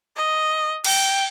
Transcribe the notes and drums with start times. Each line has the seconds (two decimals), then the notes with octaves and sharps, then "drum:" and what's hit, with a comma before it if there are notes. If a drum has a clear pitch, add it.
0.16 D#5
0.84 G5, drum: cymbal